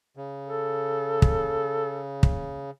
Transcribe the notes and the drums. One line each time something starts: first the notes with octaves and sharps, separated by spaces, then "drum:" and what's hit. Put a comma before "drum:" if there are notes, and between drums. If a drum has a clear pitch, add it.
C#3
A4
drum: kick
drum: kick